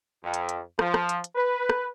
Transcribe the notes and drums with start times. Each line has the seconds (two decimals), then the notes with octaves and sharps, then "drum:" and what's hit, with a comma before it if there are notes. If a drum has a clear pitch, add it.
0.23 F2
0.34 drum: hi-hat
0.49 drum: hi-hat
0.79 F3, drum: rim click
0.94 drum: rim click
1.09 drum: hi-hat
1.24 drum: hi-hat
1.36 B4
1.69 drum: rim click